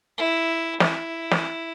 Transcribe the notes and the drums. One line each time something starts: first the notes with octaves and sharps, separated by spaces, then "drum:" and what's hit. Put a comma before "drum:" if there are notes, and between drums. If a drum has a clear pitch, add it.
E4
E4, drum: snare
drum: snare